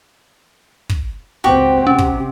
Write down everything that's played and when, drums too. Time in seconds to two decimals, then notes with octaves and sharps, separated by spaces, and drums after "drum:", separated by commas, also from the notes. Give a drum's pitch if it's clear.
0.89 drum: kick
1.44 C#2 C4 F#4 G4
1.87 C3 C#4
1.98 drum: kick